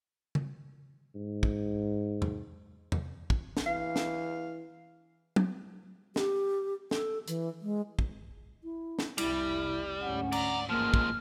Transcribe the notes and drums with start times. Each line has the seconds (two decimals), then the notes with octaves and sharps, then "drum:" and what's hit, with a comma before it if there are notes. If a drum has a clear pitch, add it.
0.35 drum: tom C#3
1.15 G#2
1.43 drum: kick
2.22 drum: tom E2
2.92 drum: tom E2
3.30 drum: kick
3.57 drum: snare
3.66 E3 F5
3.96 drum: snare
5.36 drum: tom
6.16 G4, drum: snare
6.91 A4, drum: snare
7.27 E3, drum: hi-hat
7.62 G#3
7.99 drum: kick
8.64 E4
8.99 drum: snare
9.18 F1 C2 G3 E4, drum: cymbal
10.02 D2 G#2 C#4 F#5
10.32 D5 A#5, drum: cymbal
10.69 A1 F3 G#3 A#3 F6
10.94 drum: kick